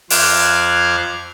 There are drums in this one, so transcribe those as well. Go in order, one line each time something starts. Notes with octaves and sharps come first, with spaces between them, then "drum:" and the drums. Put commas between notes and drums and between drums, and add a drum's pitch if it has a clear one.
F2 C5 D6 F6 F#6 G#6, drum: open hi-hat